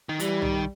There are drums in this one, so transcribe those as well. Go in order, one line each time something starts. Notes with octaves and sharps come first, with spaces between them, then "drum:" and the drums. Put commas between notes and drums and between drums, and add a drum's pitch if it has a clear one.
D#3
E3 G3, drum: hi-hat
D#3, drum: tom